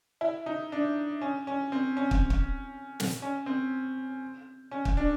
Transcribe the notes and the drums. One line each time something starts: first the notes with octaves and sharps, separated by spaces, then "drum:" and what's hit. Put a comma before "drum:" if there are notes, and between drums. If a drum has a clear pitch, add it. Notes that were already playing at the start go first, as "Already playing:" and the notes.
E4
D#4
D4
C#4
C#4
C4
C#4
drum: kick
drum: kick
drum: snare
C#4
C4
C#4
drum: kick
D4